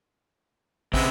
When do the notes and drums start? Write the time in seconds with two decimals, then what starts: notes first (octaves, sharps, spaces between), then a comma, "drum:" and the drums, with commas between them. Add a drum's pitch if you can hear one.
0.94 C#3 G#3 B3 C4 E5, drum: kick